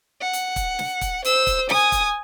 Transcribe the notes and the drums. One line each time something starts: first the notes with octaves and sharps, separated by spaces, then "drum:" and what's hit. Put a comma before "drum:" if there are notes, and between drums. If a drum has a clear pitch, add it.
F#5
drum: hi-hat
drum: kick, hi-hat
drum: snare
drum: kick, hi-hat
C5 E6, drum: hi-hat
drum: kick, hi-hat
G#5 D#6, drum: snare
drum: kick, hi-hat